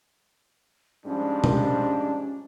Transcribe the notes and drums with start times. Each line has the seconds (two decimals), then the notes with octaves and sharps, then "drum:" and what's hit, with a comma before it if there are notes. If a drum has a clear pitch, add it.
1.06 G#2 F3 G3 C#4 D4
1.44 drum: tom B2